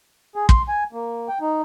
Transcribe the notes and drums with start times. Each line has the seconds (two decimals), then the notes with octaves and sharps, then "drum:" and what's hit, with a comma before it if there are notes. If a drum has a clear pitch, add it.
0.36 G#4
0.49 C6, drum: kick
0.69 G#5
0.93 A#3
1.29 G5
1.41 D#4